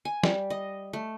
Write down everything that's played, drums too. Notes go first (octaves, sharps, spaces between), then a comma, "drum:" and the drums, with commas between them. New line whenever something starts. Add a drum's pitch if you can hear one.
G#5
G3, drum: snare
D#5
A3